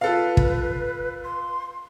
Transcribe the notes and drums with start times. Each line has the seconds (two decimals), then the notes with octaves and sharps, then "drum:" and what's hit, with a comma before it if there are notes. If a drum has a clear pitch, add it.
0.01 F4 A4 B4 F5
0.37 drum: kick
1.24 C6